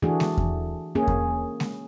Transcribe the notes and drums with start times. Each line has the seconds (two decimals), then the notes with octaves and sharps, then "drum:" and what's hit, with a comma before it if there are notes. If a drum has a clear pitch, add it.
0.02 E3 A3 D4 F#4 G#4
0.20 drum: snare G#3
0.37 drum: kick E2
0.95 A#3 C#4 G#4
1.07 drum: kick E2
1.60 drum: snare G#3